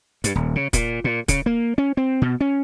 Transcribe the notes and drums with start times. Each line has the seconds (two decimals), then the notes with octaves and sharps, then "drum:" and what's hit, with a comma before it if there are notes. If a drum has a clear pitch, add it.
0.24 G2, drum: hi-hat
0.35 D#1
0.55 C#3
0.73 A#2, drum: kick, hi-hat
1.04 A#2
1.28 C#3, drum: kick, hi-hat
1.46 A#3
1.78 C#4
1.97 C4
2.22 B2
2.41 C#4